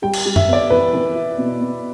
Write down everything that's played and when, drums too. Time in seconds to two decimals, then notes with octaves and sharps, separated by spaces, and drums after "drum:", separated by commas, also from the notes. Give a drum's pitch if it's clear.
0.02 G3 G5
0.13 drum: cymbal
0.25 G3
0.36 E5, drum: tom F#2
0.48 B3 D5
0.70 E3 B4
0.93 E3
1.15 E4
1.38 B2
1.61 B2